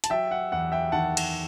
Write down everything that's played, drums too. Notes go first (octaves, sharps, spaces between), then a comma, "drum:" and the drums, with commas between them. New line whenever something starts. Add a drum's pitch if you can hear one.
A5, drum: hi-hat
F#3 E5 G5
F#5
E2 F#5
E5 G5
D#3 F#5 A5
drum: cymbal